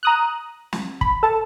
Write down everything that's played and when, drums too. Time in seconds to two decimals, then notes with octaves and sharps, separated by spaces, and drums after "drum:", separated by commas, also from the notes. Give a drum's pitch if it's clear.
0.03 A#5 D#6 F#6
0.73 drum: snare
1.01 B5, drum: kick
1.23 A4 A5